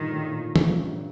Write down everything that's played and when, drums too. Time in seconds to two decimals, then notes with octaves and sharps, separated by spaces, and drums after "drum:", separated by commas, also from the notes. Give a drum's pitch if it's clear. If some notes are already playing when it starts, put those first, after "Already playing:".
Already playing: G2 A#2 D#3
0.12 A2
0.30 A#2
0.56 A#2, drum: tom E3
0.80 G2